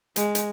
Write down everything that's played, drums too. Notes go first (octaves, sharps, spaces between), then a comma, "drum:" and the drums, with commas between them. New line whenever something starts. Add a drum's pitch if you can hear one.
G#3, drum: hi-hat
drum: hi-hat